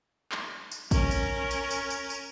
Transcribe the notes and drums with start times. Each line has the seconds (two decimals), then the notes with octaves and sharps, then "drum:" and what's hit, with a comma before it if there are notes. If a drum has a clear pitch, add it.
0.32 drum: clap
0.71 drum: tambourine
0.91 C#4 A#4, drum: kick, tambourine
1.11 drum: tambourine
1.51 drum: tambourine
1.70 drum: tambourine
1.90 drum: tambourine
2.10 drum: tambourine